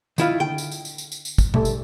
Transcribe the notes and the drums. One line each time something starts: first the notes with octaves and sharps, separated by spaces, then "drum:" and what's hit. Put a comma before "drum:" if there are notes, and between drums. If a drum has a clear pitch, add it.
D#3 E4 F4, drum: tambourine
D3 G5
drum: tambourine
drum: tambourine
drum: tambourine
drum: tambourine
drum: tambourine
drum: tambourine
drum: kick, tambourine
G3 A3 A4, drum: tom B2
drum: tambourine